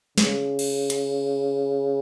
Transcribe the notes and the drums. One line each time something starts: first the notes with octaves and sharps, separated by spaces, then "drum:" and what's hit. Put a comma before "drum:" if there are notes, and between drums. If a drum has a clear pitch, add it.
C#3, drum: snare
drum: cymbal
drum: hi-hat